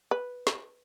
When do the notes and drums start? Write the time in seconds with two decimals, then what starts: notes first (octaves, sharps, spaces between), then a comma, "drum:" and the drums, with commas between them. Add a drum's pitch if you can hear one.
0.11 B4
0.47 drum: snare